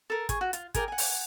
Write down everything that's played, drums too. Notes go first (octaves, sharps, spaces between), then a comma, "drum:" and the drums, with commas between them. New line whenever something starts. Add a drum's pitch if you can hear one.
A4 A#4
G#4 C#6, drum: kick, hi-hat
F#4
F4, drum: hi-hat
G#4 A#4 D5 G5, drum: kick, hi-hat
F#5 G#5
drum: open hi-hat